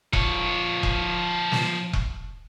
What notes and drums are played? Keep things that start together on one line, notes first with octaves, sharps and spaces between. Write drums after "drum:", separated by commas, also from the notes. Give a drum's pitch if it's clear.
F3 C#5, drum: kick E1
drum: kick E1
drum: snare
drum: kick E1